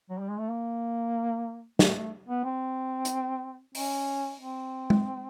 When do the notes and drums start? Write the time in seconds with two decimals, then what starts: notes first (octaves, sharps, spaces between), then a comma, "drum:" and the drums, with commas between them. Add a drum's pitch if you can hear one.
0.10 F#3
0.20 G3
0.29 G#3
0.39 A3
0.49 A#3
1.79 A3, drum: snare
1.96 A3
2.28 B3
2.44 C4
3.05 drum: hi-hat
3.75 C#4, drum: open hi-hat
4.40 C4
4.90 drum: tom